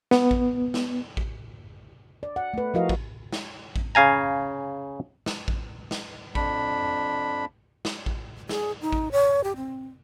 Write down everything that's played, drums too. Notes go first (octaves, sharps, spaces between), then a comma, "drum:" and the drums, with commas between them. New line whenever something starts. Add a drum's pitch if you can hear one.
B3, drum: snare
drum: kick A1
drum: snare
drum: kick A1
D5
F#5
A3 B4
F3 E4 F#4 A#4 D#5 F5
drum: kick A1
drum: snare
drum: kick A1
C#3 F5 G#5 A#5
drum: snare
drum: kick A1
drum: snare
F2 D4 B5, drum: kick A1
drum: snare
drum: kick A1
G#4, drum: snare
D#4
drum: kick A1
C#5
G4
C4